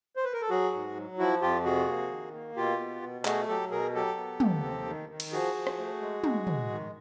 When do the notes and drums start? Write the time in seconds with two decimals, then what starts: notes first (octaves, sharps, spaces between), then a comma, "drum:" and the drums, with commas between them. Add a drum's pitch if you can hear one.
0.16 C5
0.25 B4
0.33 A#4
0.41 A4
0.50 F#3 F#4 G#4
0.73 G#2
0.96 F#3
1.19 F3 E4 F#4
1.42 F2 F4 G4
1.65 C3 F#4 G#4
1.88 A#3
2.11 D#3
2.34 A#3
2.56 B2 F4 G4
2.80 B3
3.03 B2
3.25 A3 F#4 G#4, drum: clap
3.48 F#3 G4 A4
3.71 B2 G#4 A#4
3.94 F#3 G4 A4
4.17 B3
4.40 D#2, drum: tom
4.63 C4
4.86 D#3
5.09 D#3
5.20 drum: cymbal
5.32 F3 F#4 G#4
5.55 F3
5.67 drum: rim click
5.78 A3
6.01 G#3
6.24 G#3, drum: tom
6.47 G#3, drum: tom
6.70 D#3